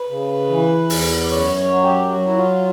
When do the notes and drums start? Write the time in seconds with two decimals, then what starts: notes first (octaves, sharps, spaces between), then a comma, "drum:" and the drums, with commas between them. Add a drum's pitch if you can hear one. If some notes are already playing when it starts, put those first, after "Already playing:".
Already playing: B4
0.10 C#3
0.49 E3
0.90 E2, drum: open hi-hat
1.23 D5
1.30 F#2 C#5
1.56 C#5
1.70 F#3
1.82 G4
2.10 F#3 F#4
2.26 E4
2.37 F4